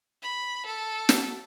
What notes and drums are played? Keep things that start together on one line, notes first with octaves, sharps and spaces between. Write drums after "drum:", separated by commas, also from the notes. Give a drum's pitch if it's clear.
B5
A4
drum: snare